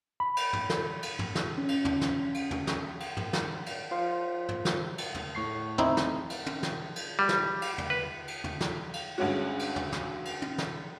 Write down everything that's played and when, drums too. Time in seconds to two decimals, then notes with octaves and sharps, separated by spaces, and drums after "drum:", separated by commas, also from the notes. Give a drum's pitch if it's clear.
0.20 B5
0.37 drum: cymbal
0.53 drum: tom
0.70 drum: snare
1.02 drum: cymbal
1.19 drum: tom
1.35 drum: snare
1.58 C#4
1.68 drum: cymbal
1.85 drum: tom
2.01 drum: snare
2.34 drum: cymbal
2.51 drum: tom
2.67 drum: snare
3.00 drum: cymbal
3.17 drum: tom
3.33 drum: snare
3.66 drum: cymbal
3.91 F4 C5 F5
4.49 drum: tom
4.65 drum: snare
4.98 drum: cymbal
5.14 drum: tom
5.35 A2 C#6 C7
5.78 C4 D#4 E4, drum: tom
5.97 drum: snare
6.30 drum: cymbal
6.46 drum: tom
6.63 drum: snare
6.96 drum: cymbal
7.19 G3
7.29 drum: snare
7.62 drum: cymbal
7.78 drum: tom
7.90 B4
8.28 drum: cymbal
8.44 drum: tom
8.61 drum: snare
8.93 drum: cymbal
9.18 D2 G2 G#3 C#4 F#4
9.59 drum: cymbal
9.76 drum: tom
9.92 drum: snare
10.25 drum: cymbal
10.42 drum: tom
10.58 drum: snare